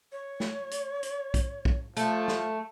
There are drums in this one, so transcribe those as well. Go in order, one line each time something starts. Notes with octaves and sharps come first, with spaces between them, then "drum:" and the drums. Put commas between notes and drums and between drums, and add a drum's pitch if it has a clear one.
C#5
drum: snare
drum: hi-hat
drum: hi-hat
drum: kick, hi-hat
drum: kick
F3 A3 A4, drum: hi-hat
drum: snare